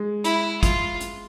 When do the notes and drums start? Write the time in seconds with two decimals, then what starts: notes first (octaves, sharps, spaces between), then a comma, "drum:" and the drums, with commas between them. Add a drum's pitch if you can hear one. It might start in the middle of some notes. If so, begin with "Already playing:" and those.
Already playing: G#3
0.24 E4, drum: hi-hat
0.63 F4, drum: kick, hi-hat
1.00 drum: hi-hat